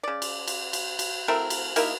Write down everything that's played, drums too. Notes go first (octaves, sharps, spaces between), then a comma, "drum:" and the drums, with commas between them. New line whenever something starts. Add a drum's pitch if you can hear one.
C#3 D5
drum: cymbal
drum: cymbal
drum: cymbal
drum: cymbal
A3 C4 E4 A#4
drum: cymbal
A#3 D#4 E4 A#4, drum: cymbal